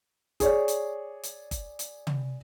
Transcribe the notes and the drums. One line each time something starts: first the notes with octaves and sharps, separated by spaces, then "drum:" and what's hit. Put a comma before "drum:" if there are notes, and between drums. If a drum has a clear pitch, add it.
G#4 C#5 D5, drum: kick G1, hi-hat
drum: hi-hat
drum: hi-hat
drum: kick G1, hi-hat
drum: hi-hat
drum: tom